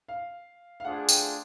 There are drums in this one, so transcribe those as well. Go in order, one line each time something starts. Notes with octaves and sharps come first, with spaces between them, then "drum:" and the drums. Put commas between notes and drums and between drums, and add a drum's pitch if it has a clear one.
F5
F5
A3 D4 F4 G#4 C5 F#5
G5, drum: tambourine